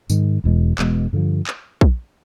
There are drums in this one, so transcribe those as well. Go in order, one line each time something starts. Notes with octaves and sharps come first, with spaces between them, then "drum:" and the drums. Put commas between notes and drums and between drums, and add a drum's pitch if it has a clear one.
G#2 D#3 G#3, drum: tambourine
E1 E2 B2 G#3
E1 E2 B2 G#3, drum: clap
G2 D3 F3
drum: clap
drum: kick